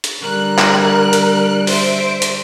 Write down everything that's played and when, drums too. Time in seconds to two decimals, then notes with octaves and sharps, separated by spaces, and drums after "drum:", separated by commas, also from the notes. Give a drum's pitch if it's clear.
0.04 drum: hi-hat
0.23 D3 G3 A#4 F#6
0.58 drum: clap
1.13 drum: hi-hat
1.67 C5 E5 D7, drum: open hi-hat
2.22 drum: hi-hat